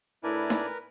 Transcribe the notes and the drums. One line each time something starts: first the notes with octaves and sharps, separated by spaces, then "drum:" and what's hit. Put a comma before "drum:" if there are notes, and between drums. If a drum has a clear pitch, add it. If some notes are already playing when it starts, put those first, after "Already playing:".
A2 D4 E4 A#4 B4 D5 G#5
drum: snare D#4